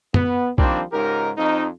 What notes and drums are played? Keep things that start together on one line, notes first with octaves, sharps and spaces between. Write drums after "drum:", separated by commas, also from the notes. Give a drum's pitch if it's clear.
B3, drum: tom F#2
D#3 F3 G3 A#3 C4 D4, drum: kick
C#2 G#2 D#4 G4 A#4
F2 D#4